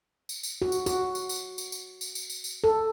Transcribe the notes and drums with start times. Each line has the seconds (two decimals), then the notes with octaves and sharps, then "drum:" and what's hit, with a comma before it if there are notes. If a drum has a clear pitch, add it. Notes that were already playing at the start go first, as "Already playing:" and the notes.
0.29 drum: tambourine
0.43 drum: tambourine
0.62 F#4
0.72 drum: tambourine
0.86 F#4, drum: tambourine
1.15 drum: tambourine
1.29 drum: tambourine
1.58 drum: tambourine
1.72 drum: tambourine
2.01 drum: tambourine
2.15 drum: tambourine
2.30 drum: tambourine
2.44 drum: tambourine
2.64 A4